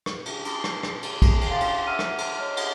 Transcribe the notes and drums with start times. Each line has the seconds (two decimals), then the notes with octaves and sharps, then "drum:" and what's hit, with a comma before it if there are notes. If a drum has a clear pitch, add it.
0.06 drum: rim click
0.26 drum: cymbal
0.45 drum: cymbal
0.64 drum: rim click
0.83 drum: rim click
1.03 drum: cymbal
1.22 drum: kick, cymbal
1.41 drum: cymbal
1.50 F5 G5 C6 D6 A6
1.60 drum: cymbal
1.87 E5 F#5 A#5 E6 F6 D#7
1.99 drum: rim click
2.18 drum: cymbal
2.38 C#5 D#5 A#5 F6
2.57 drum: cymbal